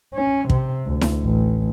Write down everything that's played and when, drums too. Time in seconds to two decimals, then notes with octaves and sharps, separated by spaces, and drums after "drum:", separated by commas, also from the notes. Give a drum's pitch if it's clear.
0.15 C#4
0.50 C3, drum: kick
0.87 D2
1.01 drum: snare E4
1.24 A1